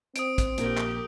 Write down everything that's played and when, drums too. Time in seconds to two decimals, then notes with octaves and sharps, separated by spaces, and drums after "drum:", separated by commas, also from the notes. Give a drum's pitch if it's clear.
0.16 C4 D#6 D7, drum: hi-hat
0.38 drum: kick, hi-hat
0.58 A#1 A#2 G4 A#4, drum: hi-hat
0.78 drum: clap